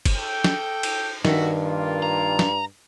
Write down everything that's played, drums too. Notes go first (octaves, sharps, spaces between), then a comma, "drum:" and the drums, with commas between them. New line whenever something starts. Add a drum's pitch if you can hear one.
drum: kick, cymbal
A4 G5
drum: snare
drum: cymbal
G2 D#3 F#4 E5, drum: snare
A#3 F4
A#5
drum: snare